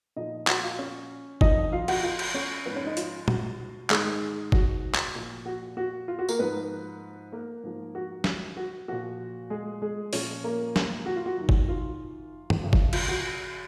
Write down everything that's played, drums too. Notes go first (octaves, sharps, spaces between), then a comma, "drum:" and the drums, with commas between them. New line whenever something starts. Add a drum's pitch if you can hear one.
A#2 F3 D#4 D#5
F#4 F#5, drum: clap
F4 F5
C#4 C#5
F2 F3 D#4 D#5, drum: kick
F4 F5
F#4 F#5, drum: cymbal
F4 F5
drum: cymbal
C#4 C#5
G#2 F3 B3 B4
C#4 C#5
D#4 D#5
F4, drum: hi-hat
F#4, drum: tom A#2
G#2 D#3 G#3 G#4, drum: clap
F#4, drum: kick
drum: clap
A#2 F3
F#4
F#4
F4
F#4
A#3 A#4, drum: tambourine
G#2 F3 B3 B4
A#3 A#4
G#2 F3
F#4
drum: snare
F#4
A#2 F3 F#4
G#3 G#4
G#3 G#4
A#2 F3 C#4 C#5, drum: open hi-hat
A#3 A#4
drum: snare
F#4
F4
F#4
F#2 D#3
drum: kick
F4
drum: tom G2
F#2 C#3 F3
drum: kick
F4, drum: cymbal
F#4